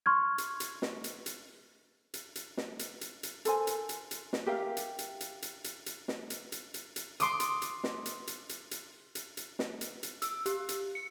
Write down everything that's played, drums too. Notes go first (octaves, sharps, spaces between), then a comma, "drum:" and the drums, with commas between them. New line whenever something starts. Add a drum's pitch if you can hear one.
C6 C#6 F6 G#6
drum: hi-hat
drum: hi-hat
drum: snare
drum: hi-hat
drum: hi-hat
drum: hi-hat
drum: hi-hat
drum: snare
drum: hi-hat
drum: hi-hat
drum: hi-hat
A4 A#4 C5 G#5, drum: hi-hat
drum: hi-hat
drum: hi-hat
drum: hi-hat
drum: snare
G4 A#4 E5 F5
drum: hi-hat
drum: hi-hat
drum: hi-hat
drum: hi-hat
drum: hi-hat
drum: hi-hat
drum: snare
drum: hi-hat
drum: hi-hat
drum: hi-hat
drum: hi-hat
C6 D6 D#6, drum: hi-hat
drum: hi-hat
drum: hi-hat
drum: snare
drum: hi-hat
drum: hi-hat
drum: hi-hat
drum: hi-hat
drum: hi-hat
drum: hi-hat
drum: snare
drum: hi-hat
drum: hi-hat
E6, drum: hi-hat
G4, drum: hi-hat
drum: hi-hat
C#7